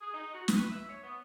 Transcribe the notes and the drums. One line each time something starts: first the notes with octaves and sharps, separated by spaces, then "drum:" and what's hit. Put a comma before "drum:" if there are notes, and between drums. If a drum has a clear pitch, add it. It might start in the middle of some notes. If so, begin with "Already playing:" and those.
G#4
D#4
F#4
B4, drum: snare
E5
C#5
B3